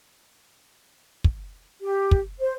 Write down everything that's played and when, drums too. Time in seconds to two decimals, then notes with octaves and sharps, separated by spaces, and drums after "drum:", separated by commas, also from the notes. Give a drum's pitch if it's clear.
1.24 drum: kick
1.82 G4
2.11 drum: kick
2.40 C5